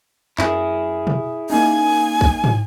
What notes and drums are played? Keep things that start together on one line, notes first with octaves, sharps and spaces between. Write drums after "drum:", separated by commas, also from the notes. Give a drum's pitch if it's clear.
F#2 E4 G#4, drum: clap
drum: tom B2
A#3 C#4 D#4 G#5
drum: kick
drum: tom